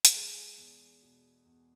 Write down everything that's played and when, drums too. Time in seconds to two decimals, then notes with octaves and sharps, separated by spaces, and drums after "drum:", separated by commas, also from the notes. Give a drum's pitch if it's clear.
0.05 A4, drum: hi-hat
0.14 G#3 G#4
0.58 E2
1.02 B2
1.45 E2